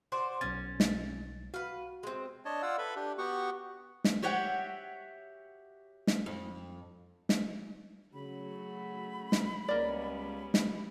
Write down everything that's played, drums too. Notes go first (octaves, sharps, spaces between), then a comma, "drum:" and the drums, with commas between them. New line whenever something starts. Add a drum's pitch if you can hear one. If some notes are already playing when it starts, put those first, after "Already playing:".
F#4 C5 D5
B1 C#4 A6
drum: snare
F#4 B4 F5
G#3 C4
D4 C#5 D#5 A5
F4 D5 F5 F#5 E6
A4 B4 E5 B5
D4 G4
B3 F#4 G4 F#5 C#6
drum: snare
F#4 G4 C#5 E5 F#5 G5
drum: snare
F2
drum: snare
C#3 F#3 A3 F#4 B5
drum: snare
C#2 G3 A#3 B3 C#4 D5
drum: snare